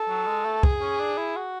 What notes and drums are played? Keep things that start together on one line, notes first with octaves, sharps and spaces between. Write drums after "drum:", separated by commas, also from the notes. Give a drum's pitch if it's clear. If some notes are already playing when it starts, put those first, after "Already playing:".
Already playing: A4
F#3
G#3
A3
G#4, drum: kick
C#4
D4
E4
F#4